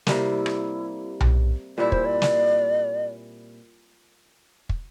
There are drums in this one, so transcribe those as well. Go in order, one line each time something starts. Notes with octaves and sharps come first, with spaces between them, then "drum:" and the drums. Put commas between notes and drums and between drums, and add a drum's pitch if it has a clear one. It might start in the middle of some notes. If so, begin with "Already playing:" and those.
C3 G3 A#3 E4, drum: snare
drum: rim click
drum: tom B1
A#2 G3 C4 E4 D5
C5, drum: kick
D5
drum: snare
drum: kick